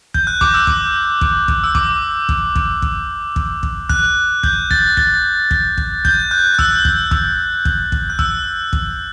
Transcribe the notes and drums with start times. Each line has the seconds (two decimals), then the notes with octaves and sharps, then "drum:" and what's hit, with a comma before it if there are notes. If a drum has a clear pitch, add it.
0.14 G6, drum: kick
0.27 F#6
0.41 D6, drum: kick
0.54 E6
0.67 D6, drum: kick
1.21 drum: kick
1.48 drum: kick
1.64 E6
1.75 D6, drum: kick
2.29 drum: kick
2.56 drum: kick
2.82 drum: kick
3.36 drum: kick
3.63 drum: kick
3.89 F#6, drum: kick
4.43 G6, drum: kick
4.71 A6, drum: kick
4.97 A6, drum: kick
5.51 drum: kick
5.78 drum: kick
6.05 G6, drum: kick
6.31 F#6
6.54 F#6
6.59 E6, drum: kick
6.85 drum: kick
7.11 E6, drum: kick
7.65 drum: kick
7.92 drum: kick
8.10 F#6
8.19 E6, drum: kick
8.73 drum: kick